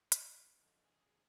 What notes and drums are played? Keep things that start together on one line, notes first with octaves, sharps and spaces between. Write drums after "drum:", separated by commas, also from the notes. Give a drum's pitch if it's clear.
drum: hi-hat
D3 F3 G#3
G#4